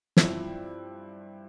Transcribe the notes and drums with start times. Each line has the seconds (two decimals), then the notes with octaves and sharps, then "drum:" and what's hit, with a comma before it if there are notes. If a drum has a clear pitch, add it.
0.17 G2 F3 C4 E4, drum: snare